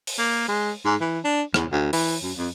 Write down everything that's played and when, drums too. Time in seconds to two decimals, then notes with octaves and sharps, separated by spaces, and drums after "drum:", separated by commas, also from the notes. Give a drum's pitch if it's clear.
0.07 drum: open hi-hat
0.19 A#3
0.49 G#3
0.85 G#2
1.01 E3
1.24 D4
1.54 E2, drum: rim click
1.71 D2
1.93 E3, drum: open hi-hat
2.23 F#2
2.37 F2